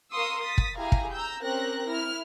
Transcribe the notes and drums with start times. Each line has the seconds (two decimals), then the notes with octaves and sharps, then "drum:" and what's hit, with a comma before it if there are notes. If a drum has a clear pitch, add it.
0.11 A#4 F5 C6 C#6 D#6 E6
0.43 D#6 A6 B6
0.58 drum: kick
0.78 E4 G4 G#4 F5 G#5 A#5
0.92 drum: kick
1.13 A#5 E6 G6
1.43 C4 C#4 G4 A#4 F#6 A#6
1.88 E4 F6